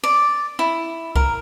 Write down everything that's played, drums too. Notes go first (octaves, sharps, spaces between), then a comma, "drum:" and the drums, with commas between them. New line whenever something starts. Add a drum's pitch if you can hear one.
D5
E4
A#4, drum: kick C2